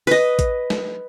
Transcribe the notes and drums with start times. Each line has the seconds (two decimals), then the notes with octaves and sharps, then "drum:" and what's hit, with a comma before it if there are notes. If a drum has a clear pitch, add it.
0.07 B4 D#5, drum: open hi-hat
0.39 drum: kick A1, hi-hat
0.70 drum: snare